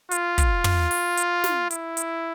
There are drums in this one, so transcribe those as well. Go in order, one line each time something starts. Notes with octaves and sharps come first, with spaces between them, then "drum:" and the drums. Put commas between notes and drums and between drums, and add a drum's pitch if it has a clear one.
F4, drum: hi-hat
drum: kick, hi-hat
drum: tom
drum: open hi-hat
drum: hi-hat
drum: snare
E4, drum: hi-hat
drum: hi-hat